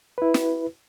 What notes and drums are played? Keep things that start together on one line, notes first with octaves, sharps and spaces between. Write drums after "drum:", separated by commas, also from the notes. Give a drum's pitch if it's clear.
E4 B4
drum: snare